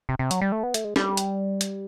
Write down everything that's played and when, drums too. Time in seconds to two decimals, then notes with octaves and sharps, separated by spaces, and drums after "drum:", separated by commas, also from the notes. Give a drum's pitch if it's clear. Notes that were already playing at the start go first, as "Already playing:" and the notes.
0.09 C3
0.19 C3
0.31 F#3, drum: hi-hat
0.41 G3
0.52 A3
0.63 B3
0.74 A3, drum: hi-hat
0.85 G#3
0.96 G3, drum: snare
1.17 drum: hi-hat
1.61 drum: hi-hat